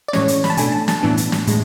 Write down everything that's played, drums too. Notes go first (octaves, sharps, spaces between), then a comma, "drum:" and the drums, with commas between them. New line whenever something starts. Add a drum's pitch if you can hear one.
D5
A2 E3 G#3 C#4 C#5, drum: snare
drum: hi-hat
B5, drum: snare
A5
B2 A3 D4 G#5, drum: hi-hat
A5
A5, drum: snare
A2 E3 B3 D4
drum: hi-hat
drum: snare
A2 G#3, drum: hi-hat